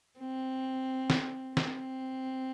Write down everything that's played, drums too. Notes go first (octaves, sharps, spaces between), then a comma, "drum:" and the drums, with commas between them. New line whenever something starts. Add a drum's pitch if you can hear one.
C4
drum: snare
C4, drum: snare